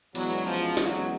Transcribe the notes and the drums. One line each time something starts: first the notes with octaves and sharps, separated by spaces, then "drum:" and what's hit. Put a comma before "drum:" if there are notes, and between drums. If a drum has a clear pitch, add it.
E2 B2 F#3 G#3 C#4, drum: cymbal
F3
F#3, drum: snare